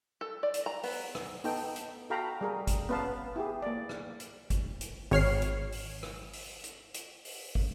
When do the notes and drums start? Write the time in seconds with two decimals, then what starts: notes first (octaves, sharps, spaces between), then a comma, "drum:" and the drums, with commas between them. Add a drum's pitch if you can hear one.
0.21 A4
0.43 D5
0.54 drum: hi-hat
0.66 A#5
0.83 B3, drum: open hi-hat
1.15 drum: rim click
1.44 B3 D#4 A4 G5, drum: open hi-hat
1.76 drum: hi-hat
2.10 F#4 A4 F5 G5 A#5 B5
2.41 G3 G#4 A#4
2.67 drum: kick, hi-hat
2.89 B3 C#4 B4 F5 A5
3.36 E4 G4 G#4
3.62 A#3 D5
3.89 drum: rim click
4.20 drum: hi-hat
4.50 drum: kick, hi-hat
4.81 drum: hi-hat
5.11 G#1 C#5 F6 C7, drum: open hi-hat
5.42 drum: hi-hat
5.72 drum: open hi-hat
6.03 drum: rim click
6.33 drum: open hi-hat
6.64 drum: hi-hat
6.94 drum: hi-hat
7.25 drum: open hi-hat
7.55 drum: kick